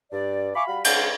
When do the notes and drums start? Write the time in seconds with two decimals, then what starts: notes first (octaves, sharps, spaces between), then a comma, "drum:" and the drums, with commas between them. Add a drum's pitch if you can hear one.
0.12 G2 D5
0.55 E5 F5 G#5 B5 C#6 D6
0.67 G3 F#4 F5 B5
0.84 G#3 C#4 D4 D5 F5 F#5, drum: cymbal